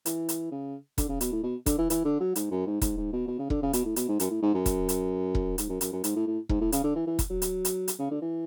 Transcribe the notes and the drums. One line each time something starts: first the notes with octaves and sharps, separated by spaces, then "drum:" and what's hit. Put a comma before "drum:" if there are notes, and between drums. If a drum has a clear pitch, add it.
E3, drum: hi-hat
drum: hi-hat
C#3
D3, drum: kick E1, hi-hat
C#3
B2, drum: hi-hat
A2
B2
D3, drum: kick E1, hi-hat
E3
E3, drum: hi-hat
D3
F#3
G#2, drum: hi-hat
F#2
G#2
G#2, drum: kick E1, hi-hat
G#2
B2
B2
C#3
D3, drum: kick E1
C#3
B2, drum: hi-hat
A2
B2, drum: hi-hat
G#2
F#2, drum: hi-hat
A2
G#2
F#2
drum: kick E1, hi-hat
drum: hi-hat
drum: kick E1
G#2, drum: hi-hat
F#2
F#2, drum: hi-hat
F#2
G#2, drum: hi-hat
A2
A2
G#2, drum: kick E1
A2
C#3, drum: hi-hat
D3
E3
E3
drum: kick E1, hi-hat
F#3
drum: hi-hat
drum: hi-hat
drum: hi-hat
C#3
D3
E3